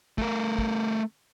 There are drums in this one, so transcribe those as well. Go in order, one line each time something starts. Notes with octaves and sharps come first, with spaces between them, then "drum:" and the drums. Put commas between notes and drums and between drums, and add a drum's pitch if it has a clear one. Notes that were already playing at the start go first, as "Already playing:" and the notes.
A3 A#4, drum: kick
drum: kick